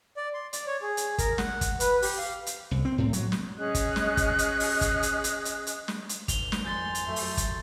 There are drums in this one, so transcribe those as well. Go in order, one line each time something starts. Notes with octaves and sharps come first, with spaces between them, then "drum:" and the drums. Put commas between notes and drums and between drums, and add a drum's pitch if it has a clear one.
D5
C6
D5, drum: hi-hat
C#5
G#4
drum: hi-hat
A#4, drum: kick, hi-hat
F#5, drum: snare
drum: kick, hi-hat
B4, drum: hi-hat
G4, drum: open hi-hat
F5
drum: hi-hat
C2
C4
A2
F#3, drum: hi-hat
drum: snare
C#4 G#4 D#5 F#6
drum: kick, hi-hat
drum: snare
drum: kick, hi-hat
drum: hi-hat
drum: open hi-hat
drum: kick, hi-hat
drum: hi-hat
drum: hi-hat
drum: hi-hat
drum: hi-hat
drum: snare
drum: hi-hat
G#1 C#5 F6 F7 G7, drum: kick, hi-hat
drum: snare
F2 G#3 G#5 C6 G6 A6 C#7 G7
drum: hi-hat
F#2 A3
drum: open hi-hat
drum: kick, hi-hat